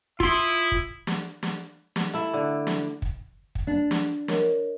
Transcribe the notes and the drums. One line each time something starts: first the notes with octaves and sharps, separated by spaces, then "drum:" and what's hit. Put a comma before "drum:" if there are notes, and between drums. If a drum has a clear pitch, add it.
E4 F4 E5 C6 D#6, drum: kick
drum: kick
drum: snare
drum: snare
drum: snare
A3 E4
D3
drum: snare
drum: kick
drum: kick
D4
drum: snare
A#4 C#5 D#5, drum: snare